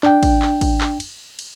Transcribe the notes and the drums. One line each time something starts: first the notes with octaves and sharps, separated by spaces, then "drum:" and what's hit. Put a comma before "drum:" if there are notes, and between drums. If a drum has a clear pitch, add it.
D4 G5, drum: clap
drum: kick, cymbal
drum: clap
drum: kick, cymbal
drum: clap
drum: cymbal
drum: cymbal